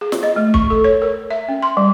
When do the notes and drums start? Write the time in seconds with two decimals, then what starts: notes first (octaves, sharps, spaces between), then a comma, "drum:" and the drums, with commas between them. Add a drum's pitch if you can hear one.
0.01 G#4
0.12 drum: snare
0.23 D#5
0.36 A3
0.54 C#6, drum: kick
0.70 A4
0.84 C#5
1.02 A#4
1.30 E5
1.49 C#4
1.63 C6
1.77 G3